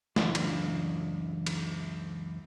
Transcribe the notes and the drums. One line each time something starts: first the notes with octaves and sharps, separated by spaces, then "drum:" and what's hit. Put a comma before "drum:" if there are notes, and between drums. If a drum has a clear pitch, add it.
C#2 F#2 E3 D4 F4 D5, drum: snare
drum: cymbal
drum: cymbal